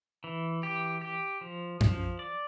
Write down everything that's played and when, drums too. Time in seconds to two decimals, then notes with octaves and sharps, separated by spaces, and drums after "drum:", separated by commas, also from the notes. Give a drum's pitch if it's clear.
0.24 E3
0.63 G4
1.01 G4
1.41 F3
1.80 F3, drum: tom F#2
2.19 D5